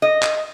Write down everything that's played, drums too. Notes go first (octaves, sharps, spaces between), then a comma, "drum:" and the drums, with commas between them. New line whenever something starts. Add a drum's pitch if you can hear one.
D#5
drum: clap